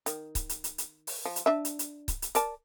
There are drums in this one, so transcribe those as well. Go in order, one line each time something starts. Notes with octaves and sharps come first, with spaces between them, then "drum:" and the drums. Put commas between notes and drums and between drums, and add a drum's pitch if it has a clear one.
D#3, drum: hi-hat
drum: kick C#1, hi-hat
drum: hi-hat
drum: hi-hat
drum: hi-hat
drum: open hi-hat
F3
drum: hi-hat
D4 E5
drum: hi-hat
drum: hi-hat
drum: kick C#1, hi-hat
drum: hi-hat
A#4 D5 A5, drum: hi-hat